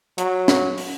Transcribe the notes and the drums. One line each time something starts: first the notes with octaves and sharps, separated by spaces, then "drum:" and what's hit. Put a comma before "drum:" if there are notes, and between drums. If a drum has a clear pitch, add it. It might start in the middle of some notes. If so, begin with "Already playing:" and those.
F#3, drum: hi-hat
drum: snare
drum: open hi-hat